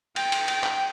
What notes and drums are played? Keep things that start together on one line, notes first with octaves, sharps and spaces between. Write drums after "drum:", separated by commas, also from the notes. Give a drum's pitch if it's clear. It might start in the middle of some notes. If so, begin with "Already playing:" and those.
G5, drum: cymbal
drum: cymbal
G5, drum: cymbal
drum: clap